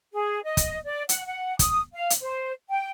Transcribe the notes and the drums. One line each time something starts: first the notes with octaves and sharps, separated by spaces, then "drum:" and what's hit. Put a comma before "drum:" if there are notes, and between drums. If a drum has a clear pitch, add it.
G#4
D#5
drum: kick, hi-hat
D5
F#5, drum: hi-hat
F#5
D#6, drum: kick, hi-hat
F5
drum: hi-hat
C5
G5